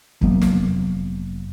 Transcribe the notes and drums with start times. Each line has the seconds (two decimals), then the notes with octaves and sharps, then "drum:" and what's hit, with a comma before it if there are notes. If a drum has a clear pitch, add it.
0.21 F1 F#3 A#3 B3, drum: kick
0.42 drum: snare